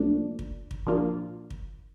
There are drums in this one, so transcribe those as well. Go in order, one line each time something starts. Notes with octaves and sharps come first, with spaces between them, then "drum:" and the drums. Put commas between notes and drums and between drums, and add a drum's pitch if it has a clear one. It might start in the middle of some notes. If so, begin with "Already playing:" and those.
Already playing: C2 A#2 F3 A3 D4
drum: kick
drum: kick
A#2 F3 A#3 D4 F4
drum: kick